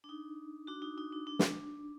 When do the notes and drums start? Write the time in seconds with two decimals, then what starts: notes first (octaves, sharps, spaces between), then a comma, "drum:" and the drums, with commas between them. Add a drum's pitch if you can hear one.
0.04 D4
0.09 D#4
0.67 D4 F#4
0.82 D#4
0.98 D#4
1.12 D4
1.27 D4
1.39 drum: snare